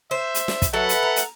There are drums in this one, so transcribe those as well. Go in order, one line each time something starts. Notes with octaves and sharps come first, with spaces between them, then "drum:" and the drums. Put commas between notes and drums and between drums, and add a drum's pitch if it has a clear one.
C5 E5
drum: hi-hat
drum: snare
drum: kick, hi-hat
F#3 A4 B4 E5 F#5
drum: hi-hat
A#5
drum: hi-hat